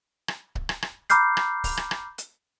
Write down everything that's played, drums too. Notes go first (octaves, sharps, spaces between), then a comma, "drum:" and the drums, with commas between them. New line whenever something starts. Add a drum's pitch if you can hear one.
drum: rim click
drum: kick C#1
drum: rim click
drum: rim click
A#5 B5 D6 F6 G6 C7, drum: hi-hat
drum: rim click
drum: kick C#1, open hi-hat
drum: rim click
drum: rim click
drum: hi-hat